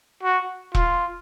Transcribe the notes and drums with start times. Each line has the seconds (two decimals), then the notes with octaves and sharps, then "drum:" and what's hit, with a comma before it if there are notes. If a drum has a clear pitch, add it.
0.23 F#4
0.75 F4, drum: kick E1